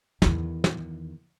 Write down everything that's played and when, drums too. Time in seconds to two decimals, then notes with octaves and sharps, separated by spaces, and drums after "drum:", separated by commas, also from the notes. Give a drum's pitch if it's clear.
0.22 E2 D#3, drum: snare
0.64 drum: snare